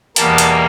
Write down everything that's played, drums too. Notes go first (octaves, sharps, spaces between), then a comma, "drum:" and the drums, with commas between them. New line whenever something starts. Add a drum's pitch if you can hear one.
E2 B2 G3 A#3 A5, drum: hi-hat
drum: hi-hat